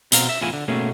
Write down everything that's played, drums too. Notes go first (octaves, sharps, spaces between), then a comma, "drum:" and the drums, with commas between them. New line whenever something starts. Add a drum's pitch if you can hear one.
B2 C4 F5 A#5, drum: hi-hat
E5
E2 A2 E4 F4 G#5
D3
B2 A3 A#3 C#4 G#4